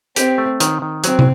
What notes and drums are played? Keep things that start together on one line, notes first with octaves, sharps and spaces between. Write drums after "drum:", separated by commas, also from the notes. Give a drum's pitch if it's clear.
C4 G4, drum: hi-hat
A3
D#3, drum: hi-hat
D#3
F#3 C4, drum: hi-hat
drum: tom